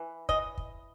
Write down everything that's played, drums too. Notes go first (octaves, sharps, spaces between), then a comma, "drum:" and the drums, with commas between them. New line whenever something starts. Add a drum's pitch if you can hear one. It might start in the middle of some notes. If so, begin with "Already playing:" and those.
Already playing: E3
E3 D#5, drum: kick
drum: kick